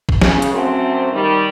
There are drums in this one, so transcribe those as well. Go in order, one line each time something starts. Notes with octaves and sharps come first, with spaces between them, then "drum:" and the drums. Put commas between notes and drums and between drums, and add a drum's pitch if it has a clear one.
drum: kick
C#3, drum: snare
drum: hi-hat
F#2 A3 C4
D#3 G3